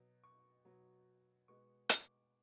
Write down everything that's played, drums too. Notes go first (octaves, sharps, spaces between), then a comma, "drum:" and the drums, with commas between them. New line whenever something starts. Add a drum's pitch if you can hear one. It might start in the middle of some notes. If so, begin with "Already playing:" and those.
Already playing: B2 F#3 B3
C#6
B2 F#3 B3
B2 G#3 B3 C#6
D6, drum: hi-hat